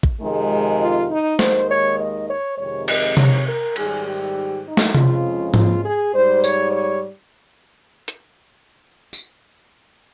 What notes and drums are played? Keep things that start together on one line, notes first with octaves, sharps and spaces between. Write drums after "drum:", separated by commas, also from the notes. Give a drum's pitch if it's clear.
drum: kick
F2 C3 D#3 G#3
F4
D#4
D#2 D#3 G#3 C5, drum: snare
C#5
D#5
C#5
F2 C3 D#3 G#3 C#5
D#5, drum: cymbal
C#5, drum: tom C3
A#4
G#2 D#3 G3 G#4, drum: cymbal
G4
D#4
drum: snare
F2 C#3 F3 G#3 F4, drum: tom C3
F4, drum: tom G#2
G#4
G#2 G3 C5
C#5, drum: tambourine
C#5
drum: hi-hat
drum: tambourine